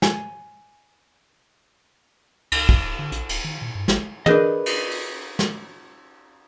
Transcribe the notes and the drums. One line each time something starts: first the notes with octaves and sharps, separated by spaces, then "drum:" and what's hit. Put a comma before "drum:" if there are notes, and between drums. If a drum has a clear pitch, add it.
G#5, drum: snare
C#2, drum: cymbal
E2, drum: kick
D1
D3
A#1, drum: hi-hat
D1, drum: cymbal
D#3
A#2
G2
G#1, drum: snare
D4 G#4 A#4 B4 D#5, drum: tom
drum: cymbal
drum: open hi-hat
drum: snare